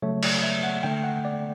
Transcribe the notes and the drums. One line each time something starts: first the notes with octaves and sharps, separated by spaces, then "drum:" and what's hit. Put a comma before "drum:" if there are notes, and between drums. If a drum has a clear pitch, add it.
C#3 F#3 A3 C#5
D5, drum: cymbal
E5
F#5
D3 A3 G5
F#5
D5